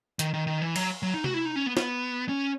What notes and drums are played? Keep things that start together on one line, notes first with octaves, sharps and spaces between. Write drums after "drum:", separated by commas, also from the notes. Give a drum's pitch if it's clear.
D#3, drum: hi-hat
D#3
D#3
E3
F#3, drum: cymbal
F#3
D#4
F#4, drum: tom C3
E4
D#4
C#4
B3
B3, drum: snare
C#4